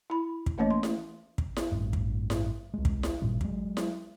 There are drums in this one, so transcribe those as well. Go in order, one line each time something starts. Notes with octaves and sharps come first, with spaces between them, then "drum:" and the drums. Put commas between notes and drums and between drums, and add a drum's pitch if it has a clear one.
E4 B5
drum: kick
E3 A3 A#3 C#4 C#5 D#5
C6
drum: snare E4
drum: kick
drum: snare E4
A1 G2
drum: kick
drum: snare E4
C2 G#3
drum: kick
drum: snare E4
G#1 G2 A#2 G3
F#3 G#3, drum: kick
drum: snare E4